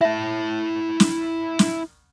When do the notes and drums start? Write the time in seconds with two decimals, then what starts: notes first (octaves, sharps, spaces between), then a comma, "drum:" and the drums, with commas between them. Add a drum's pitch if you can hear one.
0.01 E4 E5 A5
1.00 drum: snare
1.59 drum: snare